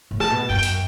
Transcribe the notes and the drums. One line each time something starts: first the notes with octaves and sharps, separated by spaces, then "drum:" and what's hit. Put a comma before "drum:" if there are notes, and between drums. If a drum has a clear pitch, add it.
A2
A5, drum: rim click
B2
F#2 G5
drum: open hi-hat